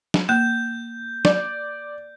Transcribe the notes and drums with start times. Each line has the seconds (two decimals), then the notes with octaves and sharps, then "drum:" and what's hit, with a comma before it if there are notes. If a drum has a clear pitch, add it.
0.14 drum: snare
0.29 A#3 G6
1.25 D5, drum: snare